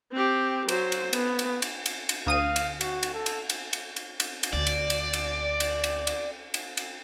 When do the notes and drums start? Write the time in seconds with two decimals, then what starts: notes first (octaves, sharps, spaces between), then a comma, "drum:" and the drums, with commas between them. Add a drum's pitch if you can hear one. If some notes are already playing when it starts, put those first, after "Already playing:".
0.12 C4 G4
0.69 F#3 C5, drum: cymbal
0.92 drum: cymbal
1.13 B3, drum: cymbal
1.39 drum: cymbal
1.62 drum: cymbal
1.86 drum: cymbal
2.09 drum: cymbal
2.27 D2 F5 D#6 D#7
2.56 drum: cymbal
2.81 F#4, drum: cymbal
3.03 drum: cymbal
3.14 A4
3.26 drum: cymbal
3.50 drum: cymbal
3.73 drum: cymbal
3.96 drum: cymbal
4.20 drum: cymbal
4.43 drum: cymbal
4.53 D2 D5
4.67 drum: cymbal
4.90 drum: cymbal
5.13 drum: cymbal
5.60 drum: cymbal
5.84 drum: cymbal
6.07 drum: cymbal
6.54 drum: cymbal
6.77 drum: cymbal